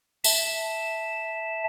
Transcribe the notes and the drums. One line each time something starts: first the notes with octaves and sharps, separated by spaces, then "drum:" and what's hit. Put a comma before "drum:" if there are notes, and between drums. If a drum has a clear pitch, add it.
E5 A5, drum: tambourine